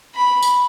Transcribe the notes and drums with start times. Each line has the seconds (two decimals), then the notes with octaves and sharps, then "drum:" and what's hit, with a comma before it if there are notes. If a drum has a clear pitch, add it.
0.15 B5
0.43 drum: tambourine